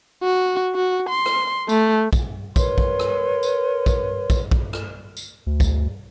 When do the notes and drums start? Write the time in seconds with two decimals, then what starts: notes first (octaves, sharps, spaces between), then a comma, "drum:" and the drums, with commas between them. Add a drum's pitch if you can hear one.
0.23 F#4
0.75 F#4
1.09 C6
1.26 drum: rim click
1.69 A3, drum: tambourine
2.13 drum: kick, tambourine
2.56 A#4 B4 C#5 C6, drum: kick, tambourine
2.78 drum: kick
2.99 drum: rim click
3.43 drum: tambourine
3.86 drum: kick, tambourine
4.30 drum: kick, tambourine
4.51 drum: kick
4.73 drum: rim click
5.17 drum: tambourine
5.47 D2
5.60 drum: kick, tambourine